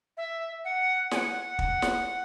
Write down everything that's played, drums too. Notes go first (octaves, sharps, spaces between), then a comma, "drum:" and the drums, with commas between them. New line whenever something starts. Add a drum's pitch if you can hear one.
E5
F#5
G#5, drum: snare
F#5
drum: kick
drum: snare